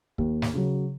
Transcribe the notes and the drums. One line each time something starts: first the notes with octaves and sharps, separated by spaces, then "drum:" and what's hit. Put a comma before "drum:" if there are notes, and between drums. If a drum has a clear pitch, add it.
D#2, drum: kick
drum: snare
C#3 F#3